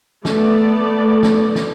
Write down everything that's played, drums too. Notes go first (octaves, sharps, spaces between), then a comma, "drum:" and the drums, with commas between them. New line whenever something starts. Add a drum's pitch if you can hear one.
A3 B3 D5, drum: snare
drum: snare
drum: snare